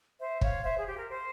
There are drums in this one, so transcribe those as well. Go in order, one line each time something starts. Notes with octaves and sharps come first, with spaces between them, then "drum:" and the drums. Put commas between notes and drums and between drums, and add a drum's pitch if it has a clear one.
C5 E5
C#5 F5, drum: kick
C5 E5
G#4
G4
A#4
C5